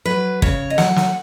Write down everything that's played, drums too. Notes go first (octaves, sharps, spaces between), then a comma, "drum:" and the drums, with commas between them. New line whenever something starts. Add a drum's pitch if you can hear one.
F#3 B4
C#3 C#5, drum: kick
D#5
F#3 F#5, drum: snare
drum: snare